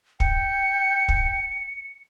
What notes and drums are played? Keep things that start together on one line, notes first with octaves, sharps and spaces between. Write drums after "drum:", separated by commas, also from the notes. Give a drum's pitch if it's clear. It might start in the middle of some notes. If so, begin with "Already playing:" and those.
G5 C#7, drum: kick
drum: kick